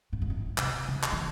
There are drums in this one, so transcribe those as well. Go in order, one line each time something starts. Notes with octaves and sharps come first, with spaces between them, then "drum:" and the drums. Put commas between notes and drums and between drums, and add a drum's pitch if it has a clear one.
A2
G#2
A2
C3, drum: clap
C#3
drum: clap
E3